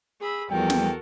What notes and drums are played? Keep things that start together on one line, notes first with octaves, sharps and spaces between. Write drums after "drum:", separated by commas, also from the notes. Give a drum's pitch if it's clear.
G#4 B5 E6
E2 F3 G3 F#4 A4 A#4 G5
drum: snare